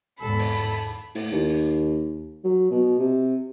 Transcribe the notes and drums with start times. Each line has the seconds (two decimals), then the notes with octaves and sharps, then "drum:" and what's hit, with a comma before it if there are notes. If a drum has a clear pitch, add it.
0.21 E2 G#2 D3 A4 B5
0.39 drum: open hi-hat
1.15 A2, drum: open hi-hat
1.32 D#2
2.44 F#3
2.71 B2
2.99 C3